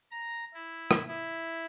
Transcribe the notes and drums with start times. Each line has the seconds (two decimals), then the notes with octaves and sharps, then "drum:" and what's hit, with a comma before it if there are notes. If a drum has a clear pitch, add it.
0.11 A#5
0.54 E4
0.91 drum: rim click
1.08 E4